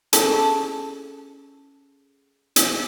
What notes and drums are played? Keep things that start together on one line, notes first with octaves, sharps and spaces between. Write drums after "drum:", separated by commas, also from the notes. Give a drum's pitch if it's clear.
C#4 G#4 A4 A5, drum: hi-hat
drum: hi-hat